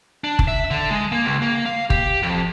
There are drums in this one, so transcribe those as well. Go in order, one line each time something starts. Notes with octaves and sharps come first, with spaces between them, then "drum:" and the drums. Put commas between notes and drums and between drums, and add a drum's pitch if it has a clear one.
D4
drum: kick F#1
E5
D3
G#3
A#3
C#2
A#3
F5
G4, drum: kick F#1
F2